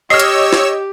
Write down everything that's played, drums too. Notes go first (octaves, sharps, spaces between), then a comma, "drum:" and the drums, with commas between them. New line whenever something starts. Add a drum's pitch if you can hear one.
G4 C#5 D#5 E6 F6 C7
drum: hi-hat
drum: snare